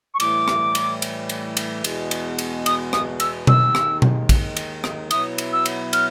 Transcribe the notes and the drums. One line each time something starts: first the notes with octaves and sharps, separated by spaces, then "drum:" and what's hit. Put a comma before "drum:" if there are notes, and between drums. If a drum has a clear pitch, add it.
C#6
A2 E3 G3 D6, drum: cymbal
drum: rim click
drum: cymbal
drum: cymbal
drum: cymbal
drum: cymbal
E2 B2 G#3, drum: cymbal
drum: cymbal
drum: cymbal
D#6, drum: cymbal
D#6, drum: rim click
E6, drum: cymbal
D#2 D#3 G#3 E6, drum: tom B2
drum: rim click
drum: tom B2
drum: kick, cymbal
drum: cymbal
drum: rim click
B2 F#3 B3 E4 D#6, drum: cymbal
drum: cymbal
E6
drum: cymbal
F6, drum: cymbal